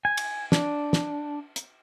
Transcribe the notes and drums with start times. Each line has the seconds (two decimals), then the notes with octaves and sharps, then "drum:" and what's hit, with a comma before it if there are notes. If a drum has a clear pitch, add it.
0.05 G#5
0.17 drum: cymbal
0.52 D4, drum: snare
0.93 drum: snare
1.56 drum: hi-hat